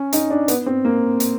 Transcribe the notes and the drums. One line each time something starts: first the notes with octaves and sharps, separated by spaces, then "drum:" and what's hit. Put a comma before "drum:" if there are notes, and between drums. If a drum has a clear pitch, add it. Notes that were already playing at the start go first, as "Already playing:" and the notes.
Already playing: C#4
D#4, drum: hi-hat
D4
B3, drum: hi-hat
C4
A#3
drum: hi-hat